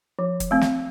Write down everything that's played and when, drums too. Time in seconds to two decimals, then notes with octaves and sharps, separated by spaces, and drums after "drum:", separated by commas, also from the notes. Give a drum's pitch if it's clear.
0.19 F3
0.40 drum: kick, hi-hat
0.51 A3 C4
0.61 drum: snare